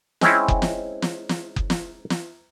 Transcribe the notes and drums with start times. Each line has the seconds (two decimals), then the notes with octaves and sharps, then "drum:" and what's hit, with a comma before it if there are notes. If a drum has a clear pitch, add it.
0.21 G#3 C4 C#4 E4, drum: snare
0.48 drum: kick F#1
0.62 drum: snare
1.02 drum: snare
1.29 drum: snare
1.56 drum: kick F#1
1.70 drum: snare
2.10 drum: snare